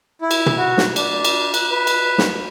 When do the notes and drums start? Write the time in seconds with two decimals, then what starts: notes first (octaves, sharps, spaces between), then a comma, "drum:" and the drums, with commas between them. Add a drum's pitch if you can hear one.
0.22 E4
0.31 drum: cymbal
0.46 drum: tom
0.58 F#4
0.78 drum: snare
0.96 D4, drum: cymbal
1.25 drum: cymbal
1.54 F#6, drum: cymbal
1.71 B4
1.87 drum: cymbal
2.18 drum: snare